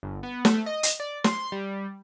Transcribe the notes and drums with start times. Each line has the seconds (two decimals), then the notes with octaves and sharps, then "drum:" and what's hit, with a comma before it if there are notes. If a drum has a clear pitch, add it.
0.03 G1
0.23 B3
0.45 A3, drum: snare
0.66 D#5
0.83 drum: hi-hat
1.00 D5
1.24 C6, drum: snare
1.52 G3